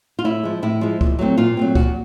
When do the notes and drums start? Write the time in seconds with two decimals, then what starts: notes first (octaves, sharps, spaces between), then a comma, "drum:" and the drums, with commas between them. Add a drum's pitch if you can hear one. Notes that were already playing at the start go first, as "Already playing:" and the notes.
0.19 F4
0.24 A2 E4
0.43 F3 G#3
0.62 A2 E4
0.81 F3 G#3
1.01 A#2, drum: kick
1.19 F#3 A3 C4
1.38 A#2 F4
1.57 F#3 A3 C4
1.75 A#2 F#4, drum: kick